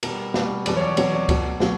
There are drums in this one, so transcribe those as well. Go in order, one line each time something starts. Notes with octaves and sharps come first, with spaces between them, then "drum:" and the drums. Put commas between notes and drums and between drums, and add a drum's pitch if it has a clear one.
B2 G3 A#4, drum: cymbal
B2 G3, drum: snare
E2 B2 F#3 D5, drum: cymbal
C#5
D5
E2 B2 F#3 C#5, drum: cymbal
D5
B2 F#3, drum: kick C#2, cymbal
B2 F#3, drum: snare